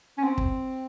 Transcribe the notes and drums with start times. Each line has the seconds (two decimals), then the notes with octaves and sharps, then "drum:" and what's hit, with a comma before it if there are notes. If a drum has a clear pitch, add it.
0.18 C#4
0.23 C4
0.38 drum: kick